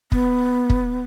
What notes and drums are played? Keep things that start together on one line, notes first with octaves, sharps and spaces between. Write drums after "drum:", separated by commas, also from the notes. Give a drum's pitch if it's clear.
B3, drum: kick
drum: kick